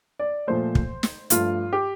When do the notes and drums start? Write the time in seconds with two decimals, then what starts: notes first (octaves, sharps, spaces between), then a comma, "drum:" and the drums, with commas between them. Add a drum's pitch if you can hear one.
0.19 D5
0.47 A#2 F3 A3 C5
0.75 drum: kick
1.03 drum: snare
1.30 G2 F3 A3 F4, drum: hi-hat
1.73 G4